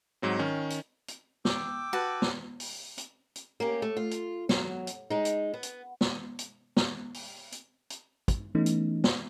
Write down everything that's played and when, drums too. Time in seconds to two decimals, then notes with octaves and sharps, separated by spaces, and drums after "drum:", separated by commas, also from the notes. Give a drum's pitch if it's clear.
0.22 G#2 F#3 C4
0.39 D#3 C#4
0.70 drum: hi-hat
1.08 drum: hi-hat
1.45 G5 D6 E6, drum: snare
1.93 F#4 B4 A5
2.22 drum: snare
2.60 drum: open hi-hat
2.98 drum: hi-hat
3.36 drum: hi-hat
3.60 A#3 C#4 G4
3.82 A3
3.97 F4
4.11 drum: hi-hat
4.49 F#3, drum: snare
4.87 drum: hi-hat
5.10 G#3 D#4
5.25 drum: hi-hat
5.54 B3
5.63 drum: hi-hat
6.01 drum: snare
6.39 drum: hi-hat
6.77 drum: snare
7.14 drum: open hi-hat
7.52 drum: hi-hat
7.90 drum: hi-hat
8.28 drum: kick, hi-hat
8.55 E3 A3 B3 C#4 D#4
8.66 drum: hi-hat
9.04 drum: snare